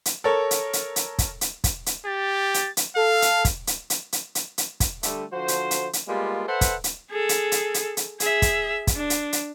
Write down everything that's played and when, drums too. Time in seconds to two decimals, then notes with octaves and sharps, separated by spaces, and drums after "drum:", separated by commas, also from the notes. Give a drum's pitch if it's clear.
0.05 drum: hi-hat
0.24 A4 A#4 C#5
0.51 drum: hi-hat
0.73 drum: hi-hat
0.96 drum: hi-hat
1.19 drum: kick, hi-hat
1.41 drum: hi-hat
1.64 drum: kick, hi-hat
1.86 drum: hi-hat
2.06 G4 A6
2.54 drum: hi-hat
2.77 drum: hi-hat
2.96 A4 F5
3.22 drum: hi-hat
3.45 drum: kick, hi-hat
3.67 drum: hi-hat
3.90 drum: hi-hat
4.12 drum: hi-hat
4.35 drum: hi-hat
4.58 drum: hi-hat
4.80 drum: kick, hi-hat
5.03 D3 G3 A3, drum: hi-hat
5.32 D3 F3 F#4 C5
5.48 drum: hi-hat
5.71 drum: hi-hat
5.93 drum: hi-hat
6.08 G3 G#3 A#3 B3 F4
6.47 A4 B4 C5 E5 F#5
6.61 drum: kick, hi-hat
6.84 drum: hi-hat
7.11 G#4 A4
7.29 drum: hi-hat
7.52 drum: hi-hat
7.74 drum: hi-hat
7.97 drum: hi-hat
8.20 G#4 E5, drum: hi-hat
8.42 drum: kick, hi-hat
8.87 drum: kick, hi-hat
8.96 D4
9.10 drum: hi-hat
9.33 drum: hi-hat